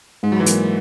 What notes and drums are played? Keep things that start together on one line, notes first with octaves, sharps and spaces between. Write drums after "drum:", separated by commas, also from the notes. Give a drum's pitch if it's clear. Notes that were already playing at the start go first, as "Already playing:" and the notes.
G#2 G#3
F#3
E3 G#3
A#3, drum: hi-hat